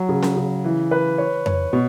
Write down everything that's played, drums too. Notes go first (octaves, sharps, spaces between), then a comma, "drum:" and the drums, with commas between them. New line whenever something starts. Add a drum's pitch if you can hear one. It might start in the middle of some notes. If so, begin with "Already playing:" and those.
Already playing: F#3
C#3
drum: snare C#4
C#3
E3
B4
C#5
C#5, drum: tom F2
B2